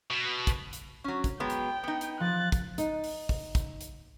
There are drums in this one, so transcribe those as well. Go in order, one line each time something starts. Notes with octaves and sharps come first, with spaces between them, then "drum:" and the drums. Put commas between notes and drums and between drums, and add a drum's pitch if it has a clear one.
B2
drum: kick, hi-hat
drum: hi-hat
F#3 C#4
drum: kick, hi-hat
F#3 G#3 B3 G5
drum: hi-hat
B3 D#4
drum: hi-hat
F3 F#6 A6
drum: kick, hi-hat
D#4, drum: hi-hat
drum: open hi-hat
drum: kick, open hi-hat
drum: kick, hi-hat
drum: hi-hat